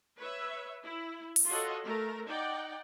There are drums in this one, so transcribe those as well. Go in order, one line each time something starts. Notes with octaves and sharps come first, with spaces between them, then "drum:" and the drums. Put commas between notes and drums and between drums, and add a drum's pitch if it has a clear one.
B4 C#5 E5
E4
drum: open hi-hat
F4 F#4 A4 C#5 D#5 F#5
A3 A#4 A#5
D#4 D5 F#5 G5